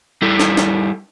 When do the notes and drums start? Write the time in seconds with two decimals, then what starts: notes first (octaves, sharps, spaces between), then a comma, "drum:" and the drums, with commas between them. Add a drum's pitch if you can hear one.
0.22 G3 E4 A4
0.40 drum: snare
0.57 drum: snare